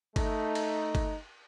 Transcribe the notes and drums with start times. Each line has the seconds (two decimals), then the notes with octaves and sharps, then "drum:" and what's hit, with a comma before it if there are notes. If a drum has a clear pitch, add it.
0.16 A3 D#4, drum: kick G1, cymbal
0.55 drum: cymbal
0.95 drum: kick G1, cymbal